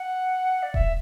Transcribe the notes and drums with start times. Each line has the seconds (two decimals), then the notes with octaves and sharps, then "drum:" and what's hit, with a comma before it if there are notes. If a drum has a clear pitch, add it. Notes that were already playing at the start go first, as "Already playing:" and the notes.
Already playing: F#5
0.62 D5
0.74 E5, drum: kick D#1